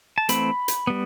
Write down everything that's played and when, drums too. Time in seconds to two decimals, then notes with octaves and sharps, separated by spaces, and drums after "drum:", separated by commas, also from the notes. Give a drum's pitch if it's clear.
0.18 A5
0.29 E3 A3 C4 B5, drum: hi-hat
0.68 drum: hi-hat
0.87 G3 B3